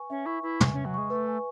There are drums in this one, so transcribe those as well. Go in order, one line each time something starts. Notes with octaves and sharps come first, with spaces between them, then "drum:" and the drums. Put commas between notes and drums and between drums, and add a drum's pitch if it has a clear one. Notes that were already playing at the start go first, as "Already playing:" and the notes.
Already playing: B4 G#5 C#6
C#4 E5
E4 C#6
E4 B4
G#5, drum: tom
C#4 E5
F#3
G#3 C#6
A3 B4
G#5